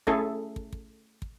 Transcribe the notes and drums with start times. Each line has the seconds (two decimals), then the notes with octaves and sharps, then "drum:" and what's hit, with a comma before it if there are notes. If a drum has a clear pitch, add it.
0.07 A3 C#4 E4 G#4 A4, drum: kick
0.56 drum: kick
0.73 drum: kick
1.22 drum: kick